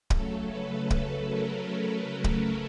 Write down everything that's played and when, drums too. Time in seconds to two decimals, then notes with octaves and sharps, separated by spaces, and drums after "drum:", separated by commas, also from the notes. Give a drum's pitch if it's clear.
0.10 C#3 F#3 A3 C#4 A4, drum: kick
0.50 B4
0.90 A4, drum: kick
1.31 A#4
1.71 A#4
2.24 drum: kick